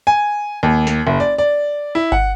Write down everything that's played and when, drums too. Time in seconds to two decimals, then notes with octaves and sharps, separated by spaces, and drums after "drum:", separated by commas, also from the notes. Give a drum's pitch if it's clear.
0.07 G#5
0.63 D#2
0.87 drum: snare
1.07 F#1
1.20 D5
1.38 D5
1.95 E4
2.12 F#5, drum: kick G1